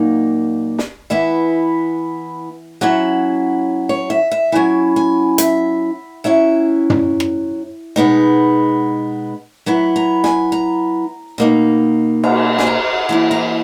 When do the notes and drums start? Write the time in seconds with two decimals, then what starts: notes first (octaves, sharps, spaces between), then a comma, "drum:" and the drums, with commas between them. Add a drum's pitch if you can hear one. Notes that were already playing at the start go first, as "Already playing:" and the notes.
Already playing: A#2 F#3 A#3 D#4
0.79 drum: snare
1.10 E3 B3 E4 E5
2.81 F#3 C#4 E4 F#5
3.89 C#5
4.10 E5
4.32 E5
4.52 F#3 C#4 E4 G#5
4.96 G#5
5.38 E5, drum: hi-hat
6.24 F#3 C#4 E4 E5
6.90 drum: tom
7.20 drum: rim click
7.96 B2 G#3 B3 D#4
9.66 F#3 B3 E4 F#5
9.96 A#5
10.24 G#5, drum: snare
10.52 A#5
11.38 B2 A#3 D#4
12.24 A#5, drum: cymbal
12.58 G#5, drum: snare
12.67 A#5
13.09 E3 A#3 E4 A#5
13.31 A#5